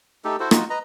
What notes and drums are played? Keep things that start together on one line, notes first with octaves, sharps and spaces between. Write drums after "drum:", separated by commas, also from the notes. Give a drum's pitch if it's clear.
A3 D#4 G4 A4
E4 F#4 A4 C5
D#4 F4 F#4, drum: rim click
B4 D#5 A#5